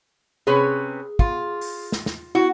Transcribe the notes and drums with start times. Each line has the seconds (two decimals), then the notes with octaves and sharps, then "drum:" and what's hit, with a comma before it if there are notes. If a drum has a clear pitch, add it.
0.47 C3 C#4 G#4 B4
1.19 F4, drum: kick
1.61 drum: open hi-hat
1.92 drum: snare
2.06 drum: snare
2.35 E4 F#4